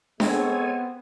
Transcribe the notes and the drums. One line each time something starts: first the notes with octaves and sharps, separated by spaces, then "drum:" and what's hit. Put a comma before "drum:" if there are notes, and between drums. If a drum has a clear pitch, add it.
G#3 B3 C4 A4 C#5 G#5, drum: snare D4